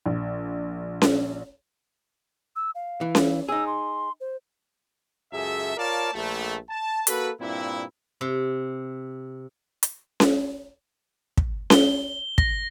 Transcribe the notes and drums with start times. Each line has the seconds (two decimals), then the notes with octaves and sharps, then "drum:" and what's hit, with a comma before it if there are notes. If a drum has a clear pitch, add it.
0.06 A#1
1.02 drum: snare C#4
2.56 E6
2.75 F5
3.01 E3
3.15 drum: snare C#4
3.49 D#4 G#4 E6
3.67 C6
4.21 C5
5.32 C#2 F#2 G#4 A4 E5
5.77 F4 A#4 C#5 D5 F5 A5
6.13 A#1 A3
6.69 A5
7.07 A#3 F#4 A4 B4, drum: hi-hat
7.40 G2 A#2 C4 E4
8.21 C3
9.83 drum: hi-hat
10.20 drum: snare C#4
11.37 drum: kick
11.70 G7, drum: snare C#4
12.38 A#6, drum: kick